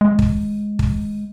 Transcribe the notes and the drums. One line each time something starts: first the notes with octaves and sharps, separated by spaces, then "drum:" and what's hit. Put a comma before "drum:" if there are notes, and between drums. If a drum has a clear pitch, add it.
G#3
drum: kick
drum: kick